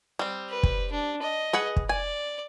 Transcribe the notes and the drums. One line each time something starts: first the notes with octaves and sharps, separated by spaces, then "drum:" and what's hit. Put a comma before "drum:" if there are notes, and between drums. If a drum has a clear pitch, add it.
G3 C4
B4
drum: kick
D4
D#5
G#4 B4 F#5
drum: kick
D5 G#5